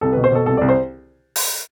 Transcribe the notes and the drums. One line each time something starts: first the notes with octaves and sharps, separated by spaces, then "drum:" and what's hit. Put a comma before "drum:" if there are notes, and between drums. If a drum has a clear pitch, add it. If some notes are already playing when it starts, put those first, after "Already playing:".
C2 A4
B2 B4
C5
B2 A4
C2 A4
C2 D5
C5
drum: open hi-hat